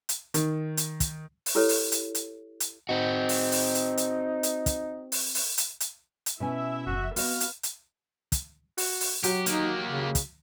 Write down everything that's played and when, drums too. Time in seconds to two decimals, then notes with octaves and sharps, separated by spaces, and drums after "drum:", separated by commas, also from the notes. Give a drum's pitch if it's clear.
0.09 drum: hi-hat
0.34 D#3, drum: hi-hat
0.77 drum: hi-hat
1.00 drum: kick, hi-hat
1.46 drum: open hi-hat
1.55 E4 G4 A4 B4 C#5
1.69 drum: open hi-hat
1.92 drum: hi-hat
2.15 drum: hi-hat
2.60 drum: hi-hat
2.89 C4 D#4 F#4
3.29 drum: open hi-hat
3.52 drum: open hi-hat
3.75 drum: hi-hat
3.97 drum: hi-hat
4.43 drum: hi-hat
4.66 drum: kick, hi-hat
5.12 drum: open hi-hat
5.35 drum: open hi-hat
5.58 drum: hi-hat
5.80 drum: hi-hat
6.26 drum: hi-hat
6.40 B2 C#4 E4 E5 G#5
6.87 F#1 F3 F#4
7.16 B3 C4 F#4 D#5 F5, drum: open hi-hat
7.40 drum: hi-hat
7.63 drum: hi-hat
8.32 drum: kick, hi-hat
8.78 F#4, drum: open hi-hat
9.01 drum: open hi-hat
9.24 F#3 F#4 G4, drum: hi-hat
9.46 A#3 D#4 G4, drum: hi-hat
9.85 C#3
10.15 drum: kick, hi-hat